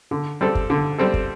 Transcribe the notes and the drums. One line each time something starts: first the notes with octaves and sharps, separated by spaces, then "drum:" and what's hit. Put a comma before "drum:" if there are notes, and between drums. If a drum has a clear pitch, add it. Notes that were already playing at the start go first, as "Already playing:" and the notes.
D3
G3 C4 A4
drum: kick
D3
G3 C4 A4
drum: kick